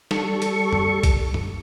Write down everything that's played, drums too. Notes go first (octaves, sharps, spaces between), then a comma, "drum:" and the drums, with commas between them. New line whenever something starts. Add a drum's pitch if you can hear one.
G3 A4 C#6, drum: snare
drum: hi-hat
drum: tom F#2
drum: kick C2, hi-hat
drum: tom F#2